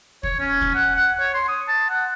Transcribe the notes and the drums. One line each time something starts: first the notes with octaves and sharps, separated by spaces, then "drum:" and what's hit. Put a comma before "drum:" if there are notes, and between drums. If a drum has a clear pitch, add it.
C#5, drum: kick
C#4
drum: kick
F#5
F#5
C#5
C6
D#6
A5
F#5